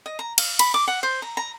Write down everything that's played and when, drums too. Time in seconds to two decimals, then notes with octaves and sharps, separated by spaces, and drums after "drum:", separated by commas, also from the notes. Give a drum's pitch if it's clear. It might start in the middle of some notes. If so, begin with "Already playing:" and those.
0.06 D#5
0.19 A#5
0.38 F5, drum: cymbal
0.59 B5, drum: cymbal
0.74 D6
0.88 F#5
1.03 C5
1.22 A#5
1.37 A#5